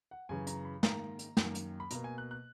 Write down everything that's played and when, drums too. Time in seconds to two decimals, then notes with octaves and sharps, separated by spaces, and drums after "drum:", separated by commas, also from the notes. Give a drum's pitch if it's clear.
0.11 F#5
0.29 F#2 C#3 E3 G#5
0.47 A#5, drum: hi-hat
0.65 B5
0.83 G#2 D#3 A#3 A#5, drum: snare
1.19 drum: hi-hat
1.37 F#2 D#3 A#3, drum: snare
1.55 drum: hi-hat
1.80 B5
1.91 B2 A#3 A#5, drum: hi-hat
2.04 G#5
2.18 F#6
2.31 F#6